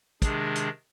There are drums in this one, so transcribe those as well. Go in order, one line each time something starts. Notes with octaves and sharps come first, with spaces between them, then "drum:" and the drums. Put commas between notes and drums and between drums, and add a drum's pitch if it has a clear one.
C3 D#3 G#3 D4 G#4, drum: kick, hi-hat
drum: hi-hat